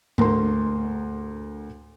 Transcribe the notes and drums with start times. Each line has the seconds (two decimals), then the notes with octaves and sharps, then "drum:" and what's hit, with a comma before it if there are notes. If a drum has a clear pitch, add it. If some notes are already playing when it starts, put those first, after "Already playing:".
0.18 D2 A#4 C6, drum: tom G#2